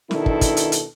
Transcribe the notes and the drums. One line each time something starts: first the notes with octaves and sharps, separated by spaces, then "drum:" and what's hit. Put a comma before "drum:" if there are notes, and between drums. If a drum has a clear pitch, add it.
B2 D#3 D4 E4 A4, drum: snare
drum: kick
drum: kick, hi-hat
drum: hi-hat
drum: hi-hat